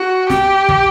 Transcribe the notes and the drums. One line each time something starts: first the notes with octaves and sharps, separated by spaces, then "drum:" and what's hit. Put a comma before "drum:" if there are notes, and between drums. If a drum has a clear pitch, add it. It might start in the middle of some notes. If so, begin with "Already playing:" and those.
Already playing: F#4
G4, drum: snare
drum: kick